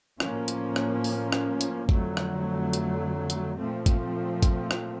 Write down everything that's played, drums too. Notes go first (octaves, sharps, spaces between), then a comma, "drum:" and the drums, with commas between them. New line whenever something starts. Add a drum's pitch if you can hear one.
A2 F3 A#3 C#4, drum: rim click
drum: hi-hat
drum: rim click
drum: open hi-hat
drum: rim click
drum: hi-hat
F2 D3 F#3 A3, drum: kick G#1
drum: rim click
drum: hi-hat
drum: hi-hat
A#2 F3 A3 C4
drum: kick G#1, hi-hat
drum: kick G#1, hi-hat
drum: rim click